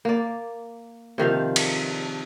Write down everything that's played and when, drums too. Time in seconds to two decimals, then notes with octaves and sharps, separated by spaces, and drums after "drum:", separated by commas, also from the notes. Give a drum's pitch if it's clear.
0.05 A#3 D5
1.18 C3 D#3 F3 F5
1.56 drum: cymbal